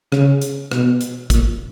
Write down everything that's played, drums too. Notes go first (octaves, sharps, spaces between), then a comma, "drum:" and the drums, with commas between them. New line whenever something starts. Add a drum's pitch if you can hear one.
C#3, drum: rim click
drum: hi-hat
B2, drum: rim click
drum: hi-hat
A#2, drum: kick, hi-hat